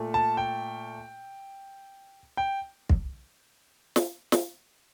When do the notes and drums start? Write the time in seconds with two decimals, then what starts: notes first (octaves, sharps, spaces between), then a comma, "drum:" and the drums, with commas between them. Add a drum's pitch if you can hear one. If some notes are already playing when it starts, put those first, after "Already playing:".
Already playing: A#2 A3
0.14 A5
0.37 G5
2.37 G5
2.89 drum: kick
3.96 drum: snare
4.32 drum: snare